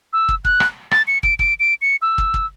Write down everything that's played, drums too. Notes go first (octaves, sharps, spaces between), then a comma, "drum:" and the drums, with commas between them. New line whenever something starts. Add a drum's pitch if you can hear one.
E6
drum: kick
F#6, drum: kick
drum: rim click
A6, drum: rim click
C#7
D7, drum: kick
D7, drum: kick
D7
C#7
E6
drum: kick
drum: kick